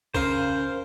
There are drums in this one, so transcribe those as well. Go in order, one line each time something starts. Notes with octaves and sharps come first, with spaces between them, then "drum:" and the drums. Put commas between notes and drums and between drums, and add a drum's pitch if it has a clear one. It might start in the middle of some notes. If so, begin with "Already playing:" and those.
C#3 A#4 C5 F5, drum: kick